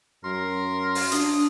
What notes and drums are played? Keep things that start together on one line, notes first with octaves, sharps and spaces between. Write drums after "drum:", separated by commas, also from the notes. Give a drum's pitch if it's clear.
F#2 A#4 C6
drum: open hi-hat
D4 D#6, drum: hi-hat